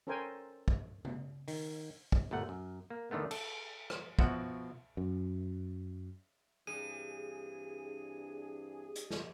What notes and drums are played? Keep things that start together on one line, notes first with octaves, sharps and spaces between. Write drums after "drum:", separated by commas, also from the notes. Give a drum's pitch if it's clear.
C#4 A4 A#4 C5 G5 G#5
drum: kick
drum: tom
D#3, drum: open hi-hat
drum: kick
G1 A#2 A3 F#5
F#2
A#3
E2 D3 D#3 A3 B3
A4, drum: cymbal
drum: rim click
B2 F3 F#4 E5 F#5, drum: kick
F#2
G2 E3 C4 D4 G#4 D#7
drum: hi-hat
drum: snare